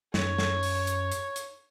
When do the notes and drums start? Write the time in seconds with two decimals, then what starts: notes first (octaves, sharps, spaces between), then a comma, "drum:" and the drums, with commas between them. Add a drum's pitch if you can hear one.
0.14 F#2 C#5, drum: snare
0.38 drum: snare
0.63 drum: open hi-hat
0.87 drum: hi-hat
1.12 drum: hi-hat
1.36 drum: hi-hat